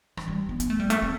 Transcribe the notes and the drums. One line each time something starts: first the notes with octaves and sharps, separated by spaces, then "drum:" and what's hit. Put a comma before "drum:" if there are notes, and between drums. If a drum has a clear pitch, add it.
E3, drum: rim click
G3
B3
B3, drum: hi-hat
A3
G3
A3, drum: hi-hat
C4